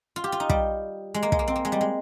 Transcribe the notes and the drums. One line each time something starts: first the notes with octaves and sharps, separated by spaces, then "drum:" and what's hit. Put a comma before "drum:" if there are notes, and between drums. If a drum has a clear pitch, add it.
F4
G4
F4
D#4
G3, drum: kick
G#3
A#3
G#3, drum: kick
A#3
C4
A#3
G#3
G3
G#3